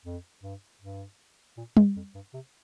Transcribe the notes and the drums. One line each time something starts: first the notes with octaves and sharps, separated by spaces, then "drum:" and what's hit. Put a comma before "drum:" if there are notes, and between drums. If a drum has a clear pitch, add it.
F2
G2
G2
A#2
G2, drum: tom G3
F2
G2
C3